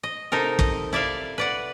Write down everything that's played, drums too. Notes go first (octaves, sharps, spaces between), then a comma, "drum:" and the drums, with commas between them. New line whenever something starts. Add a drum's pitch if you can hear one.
D#5
C3 D#4 A4 A#4
D#5, drum: kick
E4 D5 E5 F5
B4 D5 F#5